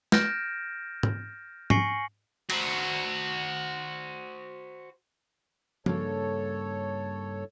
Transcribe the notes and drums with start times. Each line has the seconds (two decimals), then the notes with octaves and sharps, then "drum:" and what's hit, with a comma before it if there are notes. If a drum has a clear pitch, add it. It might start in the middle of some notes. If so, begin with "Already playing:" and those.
0.12 F6 G6 A6 A#6 D7 E7, drum: snare
1.03 drum: tom
1.70 G#5 C#6 A#6 C7 C#7 F#7, drum: tom G#2
2.50 F#4 C5, drum: cymbal
5.86 G2 C#3 A#3 A4 C#5, drum: tom F3